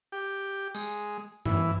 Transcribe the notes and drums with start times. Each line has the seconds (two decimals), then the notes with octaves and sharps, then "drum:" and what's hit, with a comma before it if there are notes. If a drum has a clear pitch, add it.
0.12 G4
0.75 G#3, drum: tambourine
1.45 E3, drum: tom G2